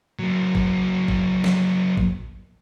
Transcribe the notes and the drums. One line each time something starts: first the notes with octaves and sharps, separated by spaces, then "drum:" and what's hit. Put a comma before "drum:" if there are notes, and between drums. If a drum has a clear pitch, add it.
F#3 A#3
drum: kick G#1
drum: kick G#1
drum: snare
drum: kick G#1